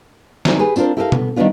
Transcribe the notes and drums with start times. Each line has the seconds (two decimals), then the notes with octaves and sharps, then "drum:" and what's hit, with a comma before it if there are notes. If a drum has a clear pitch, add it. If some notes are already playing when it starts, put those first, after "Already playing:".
0.45 D#3 E3 F#3 C4 E4 D5, drum: snare
0.59 G4 G#4 B4
0.76 C4 D4 F4 G#4 A#4 C5, drum: tambourine
0.97 E4 G4 A4 A#4 D#5 F5
1.12 B3, drum: tom
1.36 D#3 G3 G#3 B3 D4 F4